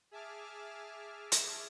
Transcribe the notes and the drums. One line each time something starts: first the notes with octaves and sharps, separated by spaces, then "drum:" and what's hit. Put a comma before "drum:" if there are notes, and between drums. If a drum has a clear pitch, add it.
G#4 E5 G#5 A5 D6 F6
drum: hi-hat